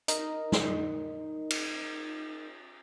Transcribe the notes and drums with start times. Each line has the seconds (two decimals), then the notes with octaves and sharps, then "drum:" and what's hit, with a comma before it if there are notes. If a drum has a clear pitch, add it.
0.08 D#4 A#4 D#5, drum: hi-hat
0.52 drum: snare
1.51 drum: cymbal